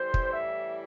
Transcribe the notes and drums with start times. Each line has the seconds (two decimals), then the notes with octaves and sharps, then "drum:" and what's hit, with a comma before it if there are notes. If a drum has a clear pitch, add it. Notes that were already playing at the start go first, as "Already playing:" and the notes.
Already playing: A2 E3 G3 C5
0.14 drum: kick
0.33 E5